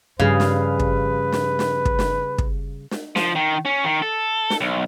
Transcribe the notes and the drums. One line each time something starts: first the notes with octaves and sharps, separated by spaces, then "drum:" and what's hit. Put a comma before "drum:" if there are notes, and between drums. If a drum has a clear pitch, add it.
G2 C#3 F3 G3 G#4 B4 F5
drum: snare
drum: kick
drum: snare
drum: snare
drum: kick
drum: snare
drum: kick
drum: snare
F3, drum: snare
D#3
C#4
D#3
A4
drum: snare
B1